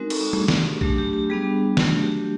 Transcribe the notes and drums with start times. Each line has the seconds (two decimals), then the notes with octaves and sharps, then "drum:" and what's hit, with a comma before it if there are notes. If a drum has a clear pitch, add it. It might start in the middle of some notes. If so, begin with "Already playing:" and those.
Already playing: G#3 C4 D#4 F#4 A#4
0.10 A4, drum: cymbal
0.33 A3 D4 F#4 G#4, drum: tom G3
0.48 drum: snare
0.58 G4
0.81 F#3 A3 D4 G4, drum: kick A#1
0.98 G4
1.13 G4
1.30 G3 B3 D4 G#4
1.77 F#3 A3 D4 F#4, drum: snare
2.01 G4